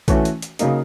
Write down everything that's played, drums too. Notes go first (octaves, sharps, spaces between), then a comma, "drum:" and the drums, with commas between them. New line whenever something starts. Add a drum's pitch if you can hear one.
E3 A3 C#4 F#4, drum: kick A#1, hi-hat
drum: hi-hat
drum: hi-hat
C#3 F#3 A#3 D#4, drum: hi-hat